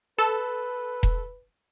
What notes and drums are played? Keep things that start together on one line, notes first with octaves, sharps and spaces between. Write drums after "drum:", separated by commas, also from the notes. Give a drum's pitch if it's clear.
A4 B4
drum: kick E1